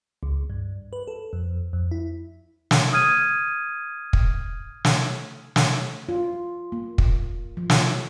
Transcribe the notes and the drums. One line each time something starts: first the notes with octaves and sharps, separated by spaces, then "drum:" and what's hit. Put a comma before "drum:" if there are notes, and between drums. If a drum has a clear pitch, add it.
C#2
G2
B4
A4
F2
F2
E4
drum: snare
D#6 F6 G#6 D#7
drum: kick
drum: snare
drum: snare
F4
A#3
drum: kick
F3
drum: snare